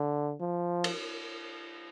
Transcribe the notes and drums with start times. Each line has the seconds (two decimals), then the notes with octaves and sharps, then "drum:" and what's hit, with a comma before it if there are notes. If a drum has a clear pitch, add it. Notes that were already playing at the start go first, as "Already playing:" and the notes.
Already playing: D3
0.40 F3
0.84 drum: cymbal